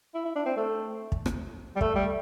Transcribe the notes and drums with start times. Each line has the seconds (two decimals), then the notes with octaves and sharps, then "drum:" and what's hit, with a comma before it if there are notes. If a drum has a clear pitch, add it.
0.14 E4
0.25 E4
0.36 D4
0.46 C4
0.57 A3
1.12 drum: kick
1.26 drum: rim click
1.76 G3
1.81 A3, drum: kick
1.95 G3